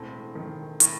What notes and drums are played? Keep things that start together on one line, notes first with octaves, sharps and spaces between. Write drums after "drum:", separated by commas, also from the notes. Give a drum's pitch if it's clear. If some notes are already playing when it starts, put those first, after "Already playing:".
Already playing: E1 A2 C4
D#3
A2, drum: hi-hat